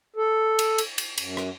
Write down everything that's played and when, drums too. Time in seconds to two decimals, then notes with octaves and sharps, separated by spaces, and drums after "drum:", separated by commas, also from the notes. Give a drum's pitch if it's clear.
0.16 A4
0.59 drum: cymbal
0.78 drum: cymbal
0.98 drum: cymbal
1.18 F#2, drum: cymbal
1.37 drum: rim click